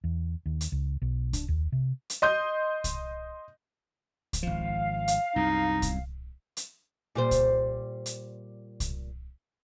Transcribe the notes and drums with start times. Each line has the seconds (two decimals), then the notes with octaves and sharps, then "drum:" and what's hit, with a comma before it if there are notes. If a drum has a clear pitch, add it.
0.04 E2
0.46 D#2
0.61 drum: hi-hat
0.72 C#2
1.02 B1
1.33 D4, drum: kick C2, hi-hat
1.48 D#2
1.72 C3
2.10 drum: hi-hat
2.22 D#5 C6 G6
2.84 drum: kick C2, hi-hat
4.33 drum: kick C2, hi-hat
4.43 G#1 F3 F5
5.08 drum: hi-hat
5.36 C2 F#2 D#4
5.82 drum: kick C2, hi-hat
6.57 drum: hi-hat
7.15 A#2 G3 C5
7.31 drum: kick C2, hi-hat
8.06 drum: hi-hat
8.80 drum: kick C2, hi-hat